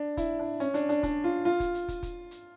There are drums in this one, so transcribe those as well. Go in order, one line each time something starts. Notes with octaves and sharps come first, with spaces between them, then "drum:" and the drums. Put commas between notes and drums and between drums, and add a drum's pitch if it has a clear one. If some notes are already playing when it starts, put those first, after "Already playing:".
Already playing: D4
E4, drum: kick, hi-hat
D4
C#4, drum: hi-hat
D4, drum: hi-hat
D4, drum: hi-hat
D4, drum: kick, hi-hat
F4
F4
drum: kick, hi-hat
drum: hi-hat
drum: kick, hi-hat
drum: kick, hi-hat
drum: hi-hat